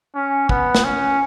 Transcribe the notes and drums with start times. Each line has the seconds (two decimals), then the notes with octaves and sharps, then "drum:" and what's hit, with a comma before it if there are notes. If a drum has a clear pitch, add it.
0.15 C#4
0.49 B3, drum: kick
0.75 drum: snare
0.84 C#4